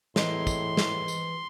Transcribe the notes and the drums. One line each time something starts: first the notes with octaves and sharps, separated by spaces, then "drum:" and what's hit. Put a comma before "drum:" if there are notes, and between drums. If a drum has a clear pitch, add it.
A2 E3 G#3 C4 D#4 C6, drum: snare
drum: kick, tambourine
drum: snare
drum: tambourine